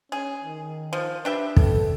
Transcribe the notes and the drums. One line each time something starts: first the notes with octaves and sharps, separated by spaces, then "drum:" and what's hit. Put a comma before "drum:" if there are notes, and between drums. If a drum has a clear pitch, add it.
C#4 G#4
D#3
F3
D4 G4 B4 E5
A4, drum: kick